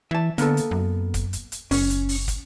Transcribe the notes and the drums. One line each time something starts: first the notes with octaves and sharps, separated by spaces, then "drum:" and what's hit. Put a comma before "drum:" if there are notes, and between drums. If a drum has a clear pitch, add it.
E3 E5 A5
D3 A#3 B3 A4, drum: hi-hat
drum: hi-hat
F#2
drum: kick, hi-hat
drum: hi-hat
drum: hi-hat
F#1 C#4, drum: open hi-hat
drum: hi-hat
drum: open hi-hat
drum: kick, hi-hat